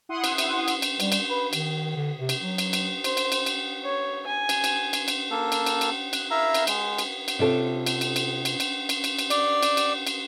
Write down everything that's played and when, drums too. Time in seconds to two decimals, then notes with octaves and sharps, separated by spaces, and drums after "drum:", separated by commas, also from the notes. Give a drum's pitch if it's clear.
0.09 E4 F#5 C6 D#6
0.24 drum: cymbal
0.38 drum: cymbal
0.68 drum: cymbal
0.82 drum: cymbal
1.00 G3, drum: cymbal
1.12 drum: cymbal
1.30 B4
1.53 D#3, drum: cymbal
1.96 D3
2.19 C3
2.29 drum: cymbal
2.41 F#3
2.58 drum: cymbal
2.73 drum: cymbal
3.04 C5, drum: cymbal
3.17 drum: cymbal
3.32 drum: cymbal
3.46 drum: cymbal
3.84 C#5
4.27 G#5
4.49 drum: cymbal
4.64 drum: cymbal
4.93 drum: cymbal
5.08 drum: cymbal
5.31 A#3 A4
5.52 drum: cymbal
5.66 drum: cymbal
5.81 drum: cymbal
6.13 F#6, drum: cymbal
6.31 E4 A#4 E5 F5 A#5 E6
6.54 drum: cymbal
6.67 G#3, drum: cymbal
6.98 drum: cymbal
7.28 drum: cymbal
7.39 C3 F4 A4 C#5
7.86 drum: cymbal
8.01 drum: cymbal
8.16 drum: cymbal
8.45 drum: cymbal
8.60 drum: cymbal
8.89 drum: cymbal
9.04 drum: cymbal
9.19 drum: cymbal
9.30 D5, drum: cymbal
9.63 drum: cymbal
9.77 drum: cymbal
10.07 drum: cymbal